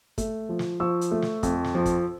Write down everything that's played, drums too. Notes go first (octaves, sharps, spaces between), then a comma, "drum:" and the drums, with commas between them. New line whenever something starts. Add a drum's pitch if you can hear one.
A3, drum: kick, hi-hat
F3
drum: snare
F3 C#6 E6
drum: hi-hat
A3
drum: snare
F2, drum: kick, hi-hat
drum: snare
F3
drum: kick, hi-hat